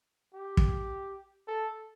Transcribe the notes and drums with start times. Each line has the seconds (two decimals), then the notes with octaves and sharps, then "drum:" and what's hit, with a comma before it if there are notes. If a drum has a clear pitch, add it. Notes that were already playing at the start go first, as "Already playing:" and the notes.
0.34 G4
0.57 drum: kick
1.48 A4